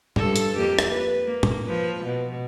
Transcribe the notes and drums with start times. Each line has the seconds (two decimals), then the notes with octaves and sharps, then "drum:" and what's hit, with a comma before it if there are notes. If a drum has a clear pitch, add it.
0.16 G2 A4, drum: tom
0.36 drum: hi-hat
0.57 F2 A#3 G4
0.79 drum: rim click
0.89 B4
1.26 A#3
1.43 drum: tom
1.66 F3 B4
2.04 B2